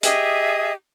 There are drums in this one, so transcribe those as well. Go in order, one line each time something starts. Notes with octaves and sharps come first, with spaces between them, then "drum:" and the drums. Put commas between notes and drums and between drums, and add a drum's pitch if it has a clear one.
G4 G#4 D#5 E5, drum: hi-hat